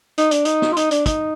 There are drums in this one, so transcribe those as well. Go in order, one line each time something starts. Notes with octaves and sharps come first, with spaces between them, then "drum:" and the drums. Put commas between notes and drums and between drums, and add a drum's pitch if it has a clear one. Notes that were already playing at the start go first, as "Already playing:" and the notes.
D#4, drum: hi-hat
D4, drum: hi-hat
D#4, drum: hi-hat
drum: snare
F4
D#4, drum: hi-hat
D4, drum: hi-hat
D#4, drum: kick, hi-hat